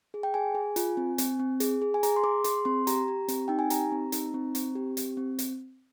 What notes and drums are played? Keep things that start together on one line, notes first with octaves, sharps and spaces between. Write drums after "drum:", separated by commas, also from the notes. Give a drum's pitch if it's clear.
G#4
G5
G#4 G#5
G#4
F4, drum: hi-hat
C4
C4, drum: hi-hat
C4
G#4, drum: hi-hat
G#4
G#5
G#4 A#5, drum: hi-hat
C6
G#4 D6
G#4 C6, drum: hi-hat
C4 C6
G4 A#5, drum: hi-hat
G4
C4, drum: hi-hat
D#4 G5
G#5
G4 A#5, drum: hi-hat
C4
D#4, drum: hi-hat
C4
C4, drum: hi-hat
G4
C4, drum: hi-hat
C4
drum: hi-hat